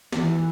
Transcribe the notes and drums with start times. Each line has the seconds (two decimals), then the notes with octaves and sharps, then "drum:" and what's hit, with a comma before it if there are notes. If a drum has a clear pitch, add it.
0.13 E3, drum: snare